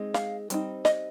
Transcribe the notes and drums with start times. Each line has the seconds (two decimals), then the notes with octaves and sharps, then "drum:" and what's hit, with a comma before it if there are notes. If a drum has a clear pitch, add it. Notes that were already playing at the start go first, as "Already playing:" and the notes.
Already playing: G#3 C4 D#4
0.14 F5, drum: snare
0.50 G3 C4 D#4, drum: hi-hat
0.85 D#5, drum: snare